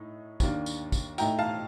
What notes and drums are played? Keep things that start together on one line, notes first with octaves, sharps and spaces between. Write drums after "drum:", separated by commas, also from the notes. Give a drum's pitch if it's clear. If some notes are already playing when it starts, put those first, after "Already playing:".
Already playing: A2 A3 D#4
D#2 D#3 A#3 D4, drum: kick, tambourine
drum: tambourine
drum: kick, tambourine
A2 A3 D#4 G5 A#5, drum: tambourine
F5 A5